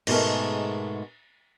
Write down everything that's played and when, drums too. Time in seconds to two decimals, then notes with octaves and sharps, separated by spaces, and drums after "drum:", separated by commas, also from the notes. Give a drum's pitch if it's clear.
0.07 G#2 B2 G#3 A3 A#4, drum: cymbal